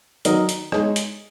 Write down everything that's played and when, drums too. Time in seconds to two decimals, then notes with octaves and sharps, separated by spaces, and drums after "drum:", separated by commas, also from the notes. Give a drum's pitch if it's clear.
0.25 D#3 F#3 D#4 A#4 D#5, drum: hi-hat
0.49 drum: hi-hat
0.72 G#3 D#4 G#4 C#5, drum: rim click
0.96 drum: hi-hat